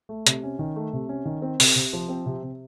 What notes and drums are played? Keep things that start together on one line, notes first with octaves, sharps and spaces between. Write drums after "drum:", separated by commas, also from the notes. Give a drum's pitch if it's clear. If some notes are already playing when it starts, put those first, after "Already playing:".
A3
C3, drum: hi-hat
C#4
D#3
A3
C3
C#4
D#3
C4
C3, drum: open hi-hat
C3
F3
C4
C3
C3